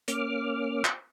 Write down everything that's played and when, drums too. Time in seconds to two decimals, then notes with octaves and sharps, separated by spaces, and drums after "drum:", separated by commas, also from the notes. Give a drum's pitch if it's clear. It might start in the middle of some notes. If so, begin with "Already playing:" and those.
0.08 A#3 C#4 D6 F6, drum: hi-hat
0.85 drum: clap